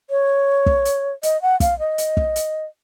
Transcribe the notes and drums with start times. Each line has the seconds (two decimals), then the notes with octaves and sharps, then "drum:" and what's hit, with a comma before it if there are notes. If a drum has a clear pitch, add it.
0.10 C#5
0.66 drum: kick
0.85 drum: hi-hat
1.23 D#5, drum: hi-hat
1.42 F#5
1.60 F5, drum: kick, hi-hat
1.79 D#5
1.98 drum: hi-hat
2.17 drum: kick
2.36 drum: hi-hat